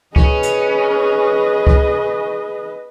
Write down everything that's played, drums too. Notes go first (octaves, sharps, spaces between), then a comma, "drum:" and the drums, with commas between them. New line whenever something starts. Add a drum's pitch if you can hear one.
C#4 G#4 B4 D#5, drum: kick
drum: hi-hat
drum: kick